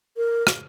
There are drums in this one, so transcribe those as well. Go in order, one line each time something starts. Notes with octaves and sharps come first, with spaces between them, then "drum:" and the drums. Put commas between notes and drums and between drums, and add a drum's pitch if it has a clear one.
A#4
drum: rim click